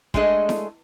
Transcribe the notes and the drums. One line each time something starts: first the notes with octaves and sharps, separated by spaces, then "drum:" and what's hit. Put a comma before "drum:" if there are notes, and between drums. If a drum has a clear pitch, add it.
G#3 A3 D4 G#4 A4 D#5, drum: kick
drum: snare E4